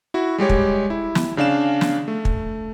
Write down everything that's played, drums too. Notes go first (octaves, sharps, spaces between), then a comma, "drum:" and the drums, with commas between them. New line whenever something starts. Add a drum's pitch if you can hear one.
E4 F#4
G3 G#3 G4 C#5
drum: kick
E4
drum: snare
C#3 D4 F5 E7
drum: snare
A3
drum: kick